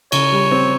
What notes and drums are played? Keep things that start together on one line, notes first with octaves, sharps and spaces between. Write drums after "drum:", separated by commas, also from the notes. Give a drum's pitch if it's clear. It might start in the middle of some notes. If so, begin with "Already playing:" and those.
C#3 C#5, drum: cymbal
G3
C4